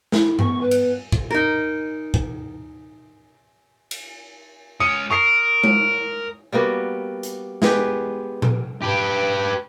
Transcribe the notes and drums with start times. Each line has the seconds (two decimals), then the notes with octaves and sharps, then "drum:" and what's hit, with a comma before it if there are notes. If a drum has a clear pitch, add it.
0.12 E4, drum: snare
0.39 B3 C#6, drum: tom G2
0.61 B4
0.71 drum: cymbal
1.12 drum: kick
1.30 D#4 A#4
2.14 drum: kick
3.91 drum: cymbal
4.80 C#2 C#4 D#6 C#7
5.11 A#4 C#6 D#6 C7
5.64 drum: tom G#3
6.52 G3 A#3 B3 F#4
7.23 drum: hi-hat
7.62 G#3 B3 G4 B4, drum: snare
8.42 drum: tom A#2
8.82 G4 B4